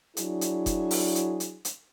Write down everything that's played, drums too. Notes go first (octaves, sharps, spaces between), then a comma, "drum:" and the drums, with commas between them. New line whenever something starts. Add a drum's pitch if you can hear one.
F#3 D4 E4 G#4, drum: hi-hat
drum: hi-hat
drum: kick F1, hi-hat
drum: open hi-hat
drum: hi-hat
drum: hi-hat
drum: hi-hat